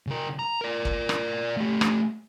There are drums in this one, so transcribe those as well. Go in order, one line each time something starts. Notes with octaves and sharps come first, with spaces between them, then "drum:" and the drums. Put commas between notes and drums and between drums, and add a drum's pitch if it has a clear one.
C#3 A#4
A#5
A#4 D5
drum: kick
drum: rim click
A3 G4
drum: rim click